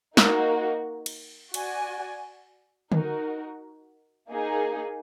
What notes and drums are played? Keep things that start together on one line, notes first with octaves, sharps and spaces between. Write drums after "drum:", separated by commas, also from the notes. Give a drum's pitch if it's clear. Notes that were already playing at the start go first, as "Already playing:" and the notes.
A#3 D#4 F#4 A#4, drum: snare
drum: cymbal
F#4 D5 G#5, drum: cymbal
D#4 F#4 A#4, drum: tom D3
A#3 D#4 G#4